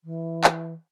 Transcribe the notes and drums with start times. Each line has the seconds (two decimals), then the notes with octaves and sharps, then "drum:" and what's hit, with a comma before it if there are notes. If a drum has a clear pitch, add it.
0.04 E3
0.44 drum: clap